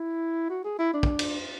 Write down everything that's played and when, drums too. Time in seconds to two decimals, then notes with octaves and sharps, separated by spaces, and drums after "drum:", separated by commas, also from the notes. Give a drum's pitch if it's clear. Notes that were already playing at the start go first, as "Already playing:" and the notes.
Already playing: E4
0.50 F#4
0.64 G#4
0.78 E4
0.93 D4
1.03 drum: kick
1.19 drum: cymbal